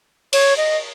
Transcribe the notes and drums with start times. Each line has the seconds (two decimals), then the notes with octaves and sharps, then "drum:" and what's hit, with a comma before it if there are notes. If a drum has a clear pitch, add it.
0.33 C#5, drum: cymbal
0.57 D#5